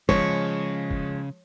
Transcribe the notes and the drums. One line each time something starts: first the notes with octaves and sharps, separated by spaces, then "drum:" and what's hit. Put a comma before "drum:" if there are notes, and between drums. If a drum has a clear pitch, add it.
C#3 F3 G#3 C#5, drum: kick
drum: kick